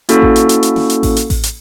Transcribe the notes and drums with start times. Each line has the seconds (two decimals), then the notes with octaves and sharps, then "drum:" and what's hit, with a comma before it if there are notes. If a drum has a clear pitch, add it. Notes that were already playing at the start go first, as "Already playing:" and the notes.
0.09 A#3 C#4 E4 F#4 A4, drum: hi-hat
0.22 drum: kick A1
0.36 drum: hi-hat
0.49 drum: hi-hat
0.63 drum: hi-hat
0.76 drum: snare
0.90 drum: hi-hat
1.03 drum: kick A1, open hi-hat
1.17 drum: hi-hat
1.30 drum: kick A1, open hi-hat
1.43 drum: hi-hat